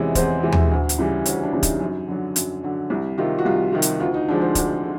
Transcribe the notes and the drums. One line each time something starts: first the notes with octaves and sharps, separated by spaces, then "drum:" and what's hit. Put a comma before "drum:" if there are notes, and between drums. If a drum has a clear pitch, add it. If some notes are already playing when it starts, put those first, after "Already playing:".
Already playing: E2 C3 E3 G#3 C#4
E2 C4, drum: kick, hi-hat
C3 E3 G#3
drum: tom
D2
drum: hi-hat
C#3 E3 G3
D2 C#4, drum: hi-hat
D4
C#3 E3 G3
D#4, drum: kick, hi-hat
F#2
D3 F#3
F#2, drum: hi-hat
D3 F#3
C2 E4
C3 D#3 F4
F#4
C2 F4
C3 D#3
drum: hi-hat
D2 F4
D#4
D3 F3 G#3 D4
C4
D2 D4, drum: kick, hi-hat
D3